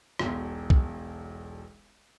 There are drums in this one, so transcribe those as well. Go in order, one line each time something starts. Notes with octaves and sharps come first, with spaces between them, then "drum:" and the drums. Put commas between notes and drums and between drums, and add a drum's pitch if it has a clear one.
E1 B1, drum: rim click
drum: kick B1